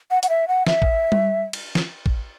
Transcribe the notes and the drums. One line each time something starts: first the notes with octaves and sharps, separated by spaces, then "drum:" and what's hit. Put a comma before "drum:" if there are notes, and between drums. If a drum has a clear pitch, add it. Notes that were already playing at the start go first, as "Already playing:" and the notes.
F#5
F#5, drum: hi-hat
E5
F#5
E5, drum: snare
drum: kick A1
drum: tom G3
drum: cymbal
drum: snare
drum: kick A1